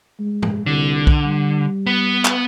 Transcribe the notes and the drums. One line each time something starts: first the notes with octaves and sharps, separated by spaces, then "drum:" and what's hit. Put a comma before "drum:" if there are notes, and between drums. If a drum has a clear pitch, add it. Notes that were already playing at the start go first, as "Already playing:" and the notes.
G#3
drum: tom
C2 D3
drum: kick B1
G3
B3
drum: clap